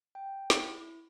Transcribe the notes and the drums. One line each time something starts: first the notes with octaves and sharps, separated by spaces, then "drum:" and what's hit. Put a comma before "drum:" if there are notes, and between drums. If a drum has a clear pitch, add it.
G5
drum: snare
E4